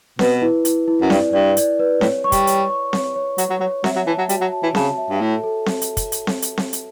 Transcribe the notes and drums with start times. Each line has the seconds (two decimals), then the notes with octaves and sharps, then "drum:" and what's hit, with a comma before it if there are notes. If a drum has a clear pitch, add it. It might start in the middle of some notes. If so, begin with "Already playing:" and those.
0.19 B2 B4, drum: snare C4
0.42 E4
0.65 E4, drum: hi-hat
0.88 E4
1.02 F#2
1.10 G2 D5, drum: snare C4
1.33 G2 D5
1.57 D5, drum: hi-hat
1.79 B4
2.01 A2 C#5, drum: snare C4
2.24 C#6
2.32 G3, drum: kick, hi-hat
2.47 C#5, drum: hi-hat
2.70 C#6
2.93 C#5, drum: snare C4
3.16 C#5
3.38 F#3 C#5, drum: hi-hat
3.50 F#3
3.61 F#3 C#5
3.84 F#3 E5, drum: snare C4
3.96 F#3
4.07 E3 A5
4.18 F#3
4.29 G3 F#4, drum: hi-hat
4.41 F#3
4.52 A5
4.63 E3
4.75 C#3 A5, drum: snare C4
4.98 E5
5.10 G2
5.21 A2 A4
5.44 A4
5.66 drum: snare C4
5.82 drum: hi-hat
5.97 drum: kick, hi-hat
6.12 drum: hi-hat
6.27 drum: snare C4
6.42 drum: hi-hat
6.58 drum: snare C4
6.73 drum: hi-hat